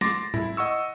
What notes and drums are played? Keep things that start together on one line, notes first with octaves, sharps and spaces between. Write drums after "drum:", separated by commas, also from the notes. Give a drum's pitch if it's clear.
C6 D6 A6 A#6, drum: snare
E4, drum: tom
D#5 F#5 C#6 E6